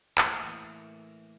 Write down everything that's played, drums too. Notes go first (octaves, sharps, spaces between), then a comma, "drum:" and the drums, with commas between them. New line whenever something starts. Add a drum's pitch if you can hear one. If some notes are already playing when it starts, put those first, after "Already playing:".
A2 E3 A#3, drum: clap